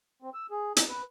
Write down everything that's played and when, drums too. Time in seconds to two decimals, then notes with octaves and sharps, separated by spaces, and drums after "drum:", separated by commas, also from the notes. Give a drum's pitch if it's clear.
0.22 C4
0.34 E6
0.51 G#4
0.77 D#4, drum: hi-hat
0.89 B4